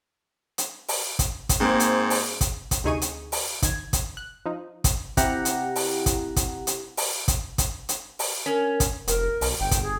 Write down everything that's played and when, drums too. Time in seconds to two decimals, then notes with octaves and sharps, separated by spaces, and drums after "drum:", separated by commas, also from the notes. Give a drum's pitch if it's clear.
0.58 drum: hi-hat
0.88 drum: open hi-hat
1.19 drum: kick, hi-hat
1.49 drum: kick, hi-hat
1.60 G#2 A#3 C4
1.80 drum: hi-hat
2.10 drum: open hi-hat
2.41 drum: kick, hi-hat
2.71 drum: kick, hi-hat
2.84 D2 C3 D#4 G#4 C#6 D#7
3.02 drum: hi-hat
3.32 drum: open hi-hat
3.62 D#3 G#6, drum: kick, hi-hat
3.93 drum: kick, hi-hat
4.17 F#6
4.46 F3 D#4
4.84 drum: kick, hi-hat
5.17 C3 E4 G4 F#5 A#5, drum: kick, hi-hat
5.45 drum: hi-hat
5.76 drum: open hi-hat
6.06 drum: kick, hi-hat
6.36 drum: kick, hi-hat
6.67 drum: hi-hat
6.97 drum: open hi-hat
7.28 drum: kick, hi-hat
7.58 drum: kick, hi-hat
7.89 drum: hi-hat
8.19 drum: open hi-hat
8.46 C#4 A#4
8.80 drum: kick, hi-hat
9.08 F1 A#4, drum: hi-hat
9.41 B1, drum: open hi-hat
9.60 G1 G5
9.71 drum: kick, hi-hat
9.83 G#4